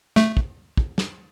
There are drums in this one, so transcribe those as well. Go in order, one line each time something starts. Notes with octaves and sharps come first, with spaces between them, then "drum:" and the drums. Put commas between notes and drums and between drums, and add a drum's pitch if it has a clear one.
A3, drum: snare
drum: kick
drum: kick
drum: snare